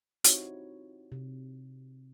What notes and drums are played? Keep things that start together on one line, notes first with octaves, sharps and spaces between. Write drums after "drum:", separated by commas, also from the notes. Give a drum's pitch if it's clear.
C4 D#4 E4 F#4 G4 C#5, drum: hi-hat
C3